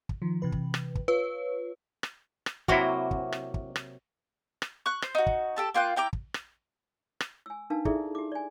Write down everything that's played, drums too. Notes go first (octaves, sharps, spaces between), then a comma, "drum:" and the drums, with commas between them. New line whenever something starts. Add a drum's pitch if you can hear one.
drum: kick
D#3 F3
C3 E3 B4
drum: kick
drum: rim click
drum: kick
F4 B4 C#5
drum: rim click
drum: rim click
C3 F#3 A#3 E4 F#4, drum: kick
drum: kick
drum: rim click
drum: kick
drum: rim click
drum: rim click
C#6 F#6
C5, drum: rim click
D#4 F#4
drum: kick
G4 A4 A5
A#3 F4 G5 F#6
E4 G5 A#5 D6
drum: kick
drum: rim click
drum: rim click
G#5 E6
D4 D#4 A#4 B4 F5 A5
D#4 E4 G#4 A4 D5 E5, drum: kick
G4 D6
D5 G#5